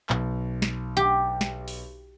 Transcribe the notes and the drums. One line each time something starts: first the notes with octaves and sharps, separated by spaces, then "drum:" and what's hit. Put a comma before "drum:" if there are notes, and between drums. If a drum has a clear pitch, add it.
B1, drum: clap
drum: snare
G4, drum: hi-hat
drum: snare
drum: open hi-hat